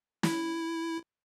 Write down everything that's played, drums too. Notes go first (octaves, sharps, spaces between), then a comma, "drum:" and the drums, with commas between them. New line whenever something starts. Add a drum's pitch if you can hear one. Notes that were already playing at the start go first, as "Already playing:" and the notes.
E4, drum: snare